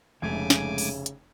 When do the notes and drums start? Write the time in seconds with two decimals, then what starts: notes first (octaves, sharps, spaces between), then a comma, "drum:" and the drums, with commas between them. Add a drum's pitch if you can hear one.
0.22 F1 F2 G#2 C#3 A3 G#5 D6 G#6
0.50 drum: snare
0.78 drum: open hi-hat
1.06 drum: hi-hat